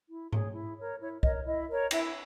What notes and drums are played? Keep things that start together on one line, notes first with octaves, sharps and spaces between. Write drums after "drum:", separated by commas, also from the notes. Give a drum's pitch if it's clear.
E4
G#4 C#5, drum: tom G#2
E4
A#4 C#5
E4 C#5
A#4 C#5 D#5, drum: kick
E4 D#5
A#4 C#5
E4 E5, drum: cymbal